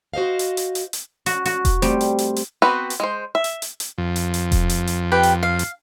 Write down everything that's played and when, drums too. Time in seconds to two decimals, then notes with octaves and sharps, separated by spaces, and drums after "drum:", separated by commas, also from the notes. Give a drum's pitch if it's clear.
0.14 F#4 C5 D#5 F5
0.39 drum: hi-hat
0.57 drum: hi-hat
0.75 drum: hi-hat
0.93 drum: hi-hat
1.26 F#4, drum: hi-hat
1.45 F#4, drum: hi-hat
1.65 drum: kick E1, hi-hat
1.82 G3 A3 C4 C5, drum: hi-hat
2.01 drum: hi-hat
2.19 drum: hi-hat
2.36 drum: hi-hat
2.62 B3 C4 F#4 B4
2.90 drum: hi-hat
3.00 G#3 C5
3.35 E5
3.44 drum: hi-hat
3.62 drum: hi-hat
3.80 drum: hi-hat
3.98 F2
4.16 drum: hi-hat
4.34 drum: hi-hat
4.52 drum: kick E1, hi-hat
4.70 drum: hi-hat
4.87 drum: hi-hat
5.12 G4 B4 G5
5.23 drum: hi-hat
5.43 F5
5.59 drum: hi-hat